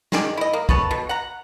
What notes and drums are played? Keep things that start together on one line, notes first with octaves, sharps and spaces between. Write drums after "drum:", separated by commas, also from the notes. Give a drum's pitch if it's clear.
D#3 G#4 D5, drum: snare
E4 D#5
A#3
B3 A4 C#5 A5, drum: kick
B2
F#5 A#5